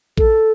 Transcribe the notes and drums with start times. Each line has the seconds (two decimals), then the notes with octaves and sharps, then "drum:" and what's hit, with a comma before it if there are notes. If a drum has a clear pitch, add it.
0.17 A4, drum: kick A#1